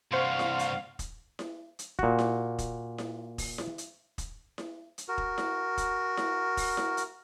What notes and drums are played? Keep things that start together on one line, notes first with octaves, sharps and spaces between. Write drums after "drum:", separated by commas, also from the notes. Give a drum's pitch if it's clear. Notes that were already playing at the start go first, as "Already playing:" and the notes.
G2 C3 C5 F5 F#5 C6 C#6
drum: snare E4
drum: hi-hat
drum: kick, hi-hat
drum: snare E4
drum: hi-hat
A#2 F#4, drum: kick
drum: snare E4
drum: kick, hi-hat
drum: snare E4
drum: kick, open hi-hat
drum: snare E4
drum: hi-hat
drum: kick, hi-hat
drum: snare E4
drum: hi-hat
F#4 A#4
drum: kick
drum: snare E4
drum: kick, hi-hat
drum: snare E4
drum: kick, open hi-hat
drum: snare E4
drum: hi-hat